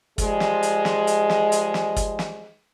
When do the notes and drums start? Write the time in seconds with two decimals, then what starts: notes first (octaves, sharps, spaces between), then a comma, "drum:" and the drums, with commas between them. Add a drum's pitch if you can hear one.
0.18 F3 G3 G#3, drum: kick, hi-hat
0.40 drum: snare
0.63 drum: hi-hat
0.85 drum: snare
1.07 drum: hi-hat
1.30 drum: snare
1.52 drum: hi-hat
1.74 drum: snare
1.96 drum: kick, hi-hat
2.19 drum: snare